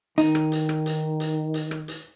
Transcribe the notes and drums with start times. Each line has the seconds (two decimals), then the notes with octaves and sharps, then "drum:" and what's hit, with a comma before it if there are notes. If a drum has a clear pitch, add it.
0.18 D#3 D#4, drum: hi-hat
0.35 drum: rim click
0.52 drum: hi-hat
0.69 drum: rim click
0.86 drum: hi-hat
1.20 drum: hi-hat
1.54 drum: hi-hat
1.71 drum: rim click
1.88 drum: hi-hat